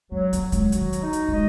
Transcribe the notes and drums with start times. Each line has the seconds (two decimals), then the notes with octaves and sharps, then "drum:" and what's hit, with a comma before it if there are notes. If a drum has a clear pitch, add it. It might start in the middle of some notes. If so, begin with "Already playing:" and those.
0.12 F#3 C#4
0.33 A#3, drum: hi-hat
0.42 F#3
0.52 G#3, drum: kick D#2, hi-hat
0.72 D#3 F#4, drum: hi-hat
0.93 drum: hi-hat
1.02 D#4
1.13 drum: hi-hat
1.28 F#3
1.33 G#3 D#5